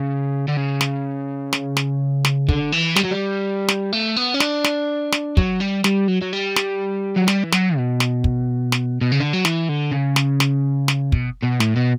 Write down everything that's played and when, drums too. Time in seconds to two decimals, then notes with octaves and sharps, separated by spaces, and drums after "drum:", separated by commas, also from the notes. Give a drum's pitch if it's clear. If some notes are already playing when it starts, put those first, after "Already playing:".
Already playing: C#3
0.48 D3
0.57 C#3
0.81 drum: snare
1.53 drum: snare
1.77 drum: snare
2.25 drum: snare
2.49 D3, drum: kick
2.72 E3
2.96 G3, drum: snare
3.04 F#3
3.12 G3
3.68 drum: snare
3.93 A3
4.16 B3
4.34 C#4
4.40 D4, drum: snare
4.64 drum: snare
5.12 drum: snare
5.37 F#3, drum: kick
5.60 G3
5.84 G3, drum: snare
6.08 F#3
6.21 F#3
6.33 G3
6.56 drum: snare
7.17 F#3
7.28 G3, drum: snare
7.44 E3
7.52 F#3, drum: snare
7.77 B2
8.00 drum: snare
8.24 drum: kick
8.72 drum: snare
9.01 B2
9.12 C#3
9.20 D3
9.33 F#3
9.45 E3, drum: snare
9.69 D3
9.92 C#3
10.16 drum: snare
10.40 drum: snare
10.88 drum: snare
11.12 B2, drum: kick
11.43 B2
11.60 A2, drum: snare
11.77 B2